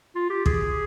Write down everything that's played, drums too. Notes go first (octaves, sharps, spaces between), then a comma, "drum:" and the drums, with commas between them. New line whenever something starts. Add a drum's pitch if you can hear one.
F4
G4
G#4, drum: kick